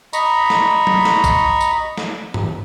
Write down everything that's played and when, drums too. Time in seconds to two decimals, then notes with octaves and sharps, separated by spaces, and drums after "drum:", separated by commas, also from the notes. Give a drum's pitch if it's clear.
0.13 D#5 A#5 B5 C#6, drum: tambourine
0.50 drum: snare
0.87 drum: tom F#3
1.05 drum: snare
1.24 drum: kick, tambourine
1.61 drum: tambourine
1.97 drum: snare
2.34 drum: tom G2